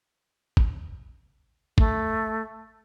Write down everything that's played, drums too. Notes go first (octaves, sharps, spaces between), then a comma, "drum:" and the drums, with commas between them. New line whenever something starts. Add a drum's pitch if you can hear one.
drum: kick
A3, drum: kick